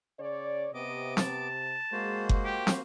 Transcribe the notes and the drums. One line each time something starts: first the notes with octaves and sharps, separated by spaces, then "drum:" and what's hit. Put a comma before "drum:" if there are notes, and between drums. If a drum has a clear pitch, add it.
C#3 C#5 D5
C3 B3 D#5 D6
A5, drum: snare
G#3 A#3 F#4 C5
drum: kick F#1
G4
drum: snare